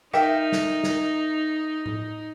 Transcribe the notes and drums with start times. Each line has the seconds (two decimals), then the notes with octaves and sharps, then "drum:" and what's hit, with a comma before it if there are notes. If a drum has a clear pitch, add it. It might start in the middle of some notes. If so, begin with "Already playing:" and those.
0.14 D#4 A#4 E5 G5, drum: rim click
0.52 drum: snare
0.83 drum: snare
1.86 drum: tom A2